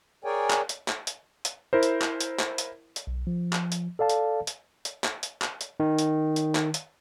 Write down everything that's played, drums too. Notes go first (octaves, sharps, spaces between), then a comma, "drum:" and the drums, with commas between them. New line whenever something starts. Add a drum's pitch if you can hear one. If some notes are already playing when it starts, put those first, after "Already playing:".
G#4 A#4 C#5 D5 G5 G#5
drum: clap
drum: hi-hat
drum: clap
drum: hi-hat
drum: hi-hat
E4 A#4 C5
drum: hi-hat
drum: clap
drum: hi-hat
drum: clap
drum: hi-hat
drum: hi-hat
B1
F3
drum: clap
drum: hi-hat
A4 D5 F5 A5
drum: hi-hat
drum: hi-hat
drum: hi-hat
drum: clap
drum: hi-hat
drum: clap
drum: hi-hat
D#3
drum: hi-hat
drum: hi-hat
drum: clap
drum: hi-hat